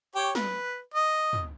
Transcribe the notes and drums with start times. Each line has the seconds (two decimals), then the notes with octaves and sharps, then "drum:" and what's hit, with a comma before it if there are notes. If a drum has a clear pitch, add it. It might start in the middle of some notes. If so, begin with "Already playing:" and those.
0.15 G4 C#5 G5
0.35 B4, drum: snare
0.94 D#5
1.33 drum: tom